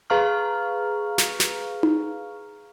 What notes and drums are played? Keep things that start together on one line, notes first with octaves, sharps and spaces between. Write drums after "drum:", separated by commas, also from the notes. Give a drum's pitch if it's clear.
G#4 B4 F5 A#5 C#6 F6
drum: snare
drum: snare
drum: tom D#4